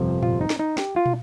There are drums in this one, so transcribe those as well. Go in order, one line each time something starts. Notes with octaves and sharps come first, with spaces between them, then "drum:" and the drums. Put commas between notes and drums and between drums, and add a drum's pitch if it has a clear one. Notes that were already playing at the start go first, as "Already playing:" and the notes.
Already playing: G1 F2 C3 F3
F4, drum: tom A2
D#4
drum: snare
D#4
G4, drum: snare
F4
drum: tom